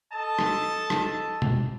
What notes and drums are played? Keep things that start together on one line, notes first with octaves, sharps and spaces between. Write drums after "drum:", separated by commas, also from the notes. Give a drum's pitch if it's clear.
A4 D#5 A5
drum: rim click
drum: rim click
drum: tom